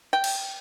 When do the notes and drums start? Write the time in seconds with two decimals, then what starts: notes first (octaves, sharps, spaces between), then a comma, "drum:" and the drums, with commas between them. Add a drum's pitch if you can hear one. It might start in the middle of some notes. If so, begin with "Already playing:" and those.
0.13 G5
0.24 drum: cymbal